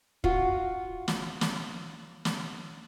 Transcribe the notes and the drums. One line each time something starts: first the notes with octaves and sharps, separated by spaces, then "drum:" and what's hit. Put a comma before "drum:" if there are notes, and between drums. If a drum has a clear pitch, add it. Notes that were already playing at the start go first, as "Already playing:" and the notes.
F4 F#4, drum: kick
drum: snare
drum: snare
drum: snare